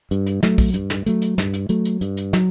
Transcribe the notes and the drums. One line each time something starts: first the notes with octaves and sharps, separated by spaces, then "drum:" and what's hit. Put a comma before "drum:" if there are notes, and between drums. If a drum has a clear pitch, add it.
G2, drum: hi-hat
drum: hi-hat
F#3 A3, drum: snare
drum: kick A#1, open hi-hat
G2, drum: hi-hat
drum: snare
F#3 A3, drum: hi-hat
drum: hi-hat
G2, drum: snare
drum: hi-hat
F#3 A3, drum: hi-hat
drum: hi-hat
G2, drum: hi-hat
drum: hi-hat
F#3, drum: snare